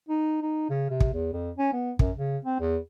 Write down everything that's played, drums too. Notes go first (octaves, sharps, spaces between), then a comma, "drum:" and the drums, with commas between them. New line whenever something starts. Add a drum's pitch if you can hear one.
D#4
D#4
C#3
C3
drum: kick
E2
F2
C#4
B3
F#2, drum: kick
C#3
C4
E2